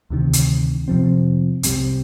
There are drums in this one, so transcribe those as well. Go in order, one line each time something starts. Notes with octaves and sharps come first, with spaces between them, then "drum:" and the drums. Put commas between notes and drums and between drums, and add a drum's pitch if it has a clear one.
D2 C3 D#3
drum: hi-hat
F2 C3 F3 C4
C2 C3 G3, drum: hi-hat